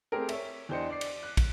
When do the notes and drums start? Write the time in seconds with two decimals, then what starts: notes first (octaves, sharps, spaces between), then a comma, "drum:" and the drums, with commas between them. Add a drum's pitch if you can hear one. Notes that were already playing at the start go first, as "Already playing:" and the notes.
0.12 A3 C4 G4 G#4 A#4
0.29 C#5 E5, drum: cymbal
0.69 E2 D4 G4 C5 D#5 C#7
0.89 D5 D6 C7
1.01 drum: cymbal
1.23 F#6
1.37 drum: kick, cymbal